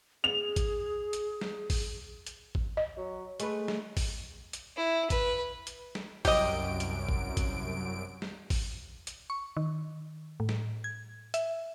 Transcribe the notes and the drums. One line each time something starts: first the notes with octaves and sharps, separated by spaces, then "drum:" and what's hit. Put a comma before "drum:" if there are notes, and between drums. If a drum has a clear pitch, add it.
G#4 F7
drum: kick A1, hi-hat
drum: hi-hat
drum: snare
drum: kick A1, open hi-hat
drum: hi-hat
drum: kick A1
D#5
F#3
G#3 A3 B4, drum: hi-hat
drum: snare
drum: kick A1, open hi-hat
drum: hi-hat
E4
B4, drum: kick A1, hi-hat
drum: hi-hat
drum: snare
C2 F#2 G4 D#5 D7, drum: kick A1, open hi-hat
drum: hi-hat
drum: kick A1
drum: kick A1, hi-hat
drum: snare
drum: kick A1, open hi-hat
drum: hi-hat
C#6
D#3
A2
drum: snare
G#6
E5, drum: hi-hat